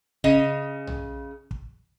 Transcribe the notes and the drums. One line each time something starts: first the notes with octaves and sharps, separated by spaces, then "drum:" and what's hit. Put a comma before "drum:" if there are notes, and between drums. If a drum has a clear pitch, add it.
C#3 D#5, drum: kick
drum: tom B1
drum: kick